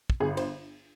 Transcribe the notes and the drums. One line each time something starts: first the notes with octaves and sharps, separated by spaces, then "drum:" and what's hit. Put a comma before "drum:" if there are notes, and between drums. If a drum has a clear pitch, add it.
drum: kick
G1 G#4
C5, drum: cymbal